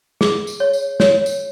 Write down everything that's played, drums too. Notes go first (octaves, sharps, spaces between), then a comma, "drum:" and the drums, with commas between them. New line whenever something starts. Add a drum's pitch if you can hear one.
G#4, drum: snare
drum: tambourine
C#5
drum: tambourine
C#5, drum: snare
drum: tambourine